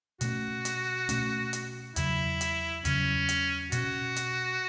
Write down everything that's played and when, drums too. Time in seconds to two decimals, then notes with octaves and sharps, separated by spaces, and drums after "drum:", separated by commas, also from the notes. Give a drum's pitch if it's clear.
0.21 B2 A3 C#4 F#4, drum: hi-hat
0.65 drum: hi-hat
1.09 B2 A3 C#4, drum: hi-hat
1.53 drum: hi-hat
1.96 E2 C#3 F#3 E4, drum: hi-hat
2.41 drum: hi-hat
2.85 E2 C#3 F#3 C#4, drum: hi-hat
3.29 drum: hi-hat
3.72 B2 A3 C#4 F#4, drum: hi-hat
4.16 drum: hi-hat